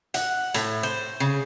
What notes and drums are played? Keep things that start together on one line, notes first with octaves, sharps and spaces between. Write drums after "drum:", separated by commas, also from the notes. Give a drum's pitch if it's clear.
F#5, drum: hi-hat
A2, drum: hi-hat
C5
C#3